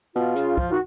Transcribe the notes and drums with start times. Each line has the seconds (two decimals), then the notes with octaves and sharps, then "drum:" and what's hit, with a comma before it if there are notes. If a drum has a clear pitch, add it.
0.15 B2 F4
0.36 C#3, drum: hi-hat
0.58 F3, drum: kick
0.70 D#3 F#4